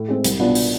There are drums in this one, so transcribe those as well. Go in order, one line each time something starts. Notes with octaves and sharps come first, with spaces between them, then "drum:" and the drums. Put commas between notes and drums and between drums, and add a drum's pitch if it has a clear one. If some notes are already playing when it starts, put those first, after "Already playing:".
Already playing: A2
G#3 C4
C2, drum: hi-hat
B2 B3 D4 F4
drum: open hi-hat